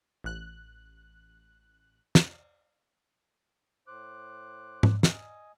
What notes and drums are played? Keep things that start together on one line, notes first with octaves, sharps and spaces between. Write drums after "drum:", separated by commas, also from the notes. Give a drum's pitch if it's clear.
A1 F#6
drum: snare
A2 C5 D6 F#6
drum: tom G#2
D#5 G#5 D#6, drum: snare